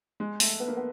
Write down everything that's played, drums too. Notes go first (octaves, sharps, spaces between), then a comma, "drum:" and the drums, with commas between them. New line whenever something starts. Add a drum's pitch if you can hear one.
G#3
A3, drum: open hi-hat
B3
A#3
B3